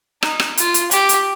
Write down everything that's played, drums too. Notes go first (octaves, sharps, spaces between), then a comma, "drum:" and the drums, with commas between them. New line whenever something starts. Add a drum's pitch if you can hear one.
D#4, drum: rim click
drum: rim click
F4, drum: hi-hat
drum: hi-hat
G4, drum: hi-hat
drum: hi-hat